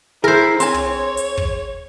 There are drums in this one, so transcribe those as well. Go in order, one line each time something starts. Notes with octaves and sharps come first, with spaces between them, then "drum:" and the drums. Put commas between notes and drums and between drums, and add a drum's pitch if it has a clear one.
E4 G#4 A#4 C5
C4 C#5 G#5, drum: hi-hat
drum: tom
drum: hi-hat
drum: kick